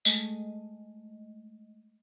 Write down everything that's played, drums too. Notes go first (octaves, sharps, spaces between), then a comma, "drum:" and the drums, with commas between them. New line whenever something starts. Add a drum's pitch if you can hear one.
G#3 A3 D#5, drum: tambourine